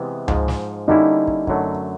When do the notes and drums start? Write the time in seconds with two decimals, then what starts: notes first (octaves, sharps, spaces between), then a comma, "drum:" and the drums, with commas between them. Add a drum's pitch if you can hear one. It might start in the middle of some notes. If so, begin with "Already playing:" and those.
Already playing: C3 E3 G#3 B3
0.28 G#2 F3 G#3, drum: tom C#2
0.48 drum: snare
0.88 D3 G3 A#3 C#4 D#4 E4
1.27 drum: kick
1.47 F#2 D3 F#3 A3, drum: kick